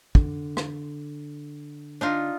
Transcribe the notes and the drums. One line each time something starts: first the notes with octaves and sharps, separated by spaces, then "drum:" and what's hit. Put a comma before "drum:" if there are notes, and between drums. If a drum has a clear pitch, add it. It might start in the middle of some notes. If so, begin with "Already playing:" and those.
D3, drum: kick
drum: rim click
D4 D#4 F4